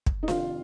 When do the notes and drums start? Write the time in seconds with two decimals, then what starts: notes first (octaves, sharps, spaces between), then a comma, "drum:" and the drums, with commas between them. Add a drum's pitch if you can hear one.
0.06 drum: kick
0.23 D#4
0.28 F2 C3 D#3 F4, drum: snare D4